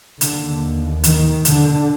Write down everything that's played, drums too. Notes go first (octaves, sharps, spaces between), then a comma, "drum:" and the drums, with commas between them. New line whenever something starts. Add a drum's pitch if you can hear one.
D#2 D3, drum: hi-hat
D#3, drum: hi-hat
D3, drum: hi-hat